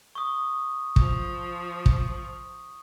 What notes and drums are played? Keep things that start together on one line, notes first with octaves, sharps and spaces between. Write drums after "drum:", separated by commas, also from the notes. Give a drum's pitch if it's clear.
C#6 D#6
F3, drum: kick
drum: kick